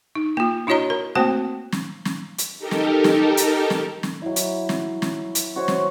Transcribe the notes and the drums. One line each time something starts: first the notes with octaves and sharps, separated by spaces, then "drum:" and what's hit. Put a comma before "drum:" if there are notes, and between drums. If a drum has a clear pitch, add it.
D#4
A#3 F4
D4 E4 F#4 C#5 D#5 A#5
A#4
A3 A#3 C4 F#4 C5 G5
drum: snare
drum: snare
drum: hi-hat
D#4 G4 A4 A#4
drum: snare
drum: snare
drum: hi-hat
drum: snare
drum: snare
F#3 E4
drum: hi-hat
drum: snare
drum: snare
drum: hi-hat
F#4 C5 C#5
drum: snare